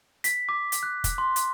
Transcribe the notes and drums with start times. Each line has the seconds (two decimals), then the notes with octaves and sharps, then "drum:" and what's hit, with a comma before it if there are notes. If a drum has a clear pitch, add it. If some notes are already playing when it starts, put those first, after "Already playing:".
0.24 B6, drum: hi-hat
0.49 D6
0.72 drum: hi-hat
0.83 F#6
1.04 drum: kick, hi-hat
1.18 C6
1.36 drum: hi-hat